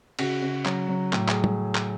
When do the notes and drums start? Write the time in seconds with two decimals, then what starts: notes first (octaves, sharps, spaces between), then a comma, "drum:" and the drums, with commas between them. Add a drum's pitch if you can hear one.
0.19 C#3 F#4, drum: cymbal
0.42 C#3
0.65 F#3, drum: clap
0.89 F#3
1.13 A2, drum: clap
1.28 G#4, drum: clap
1.44 drum: tom
1.75 drum: clap